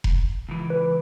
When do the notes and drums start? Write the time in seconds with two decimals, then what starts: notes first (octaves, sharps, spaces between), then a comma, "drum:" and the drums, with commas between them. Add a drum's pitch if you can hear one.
0.04 drum: kick F1
0.49 C#2 E3
0.70 B4